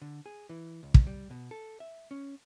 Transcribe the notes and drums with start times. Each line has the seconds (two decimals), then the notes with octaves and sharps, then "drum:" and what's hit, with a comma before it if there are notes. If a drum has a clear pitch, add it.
0.02 D3
0.26 G#4
0.49 E3
0.83 C#2
0.94 drum: kick
1.07 G3
1.30 B2
1.51 A4
1.80 E5
2.11 C#4